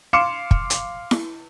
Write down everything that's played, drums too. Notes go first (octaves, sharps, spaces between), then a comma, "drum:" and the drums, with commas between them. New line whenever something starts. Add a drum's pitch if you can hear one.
F5 C6 D6 C#7 E7
drum: kick
drum: hi-hat
drum: snare E4